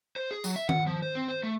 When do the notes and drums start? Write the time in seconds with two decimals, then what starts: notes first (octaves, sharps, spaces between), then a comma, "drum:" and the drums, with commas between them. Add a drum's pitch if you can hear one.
0.16 C5
0.31 G#4
0.44 F#3, drum: tambourine
0.56 E5
0.69 F#5, drum: tom D#3
0.87 F3
1.02 C5
1.15 C4
1.28 C5
1.43 A3